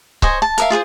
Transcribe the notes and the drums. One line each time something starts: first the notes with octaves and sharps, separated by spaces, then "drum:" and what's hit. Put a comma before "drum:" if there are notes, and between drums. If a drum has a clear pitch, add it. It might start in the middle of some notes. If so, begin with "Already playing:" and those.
C5 C#5 D#5 G#5, drum: kick C#1
A5
A#4 E5 F5, drum: hi-hat
F4 G#4 B4 C5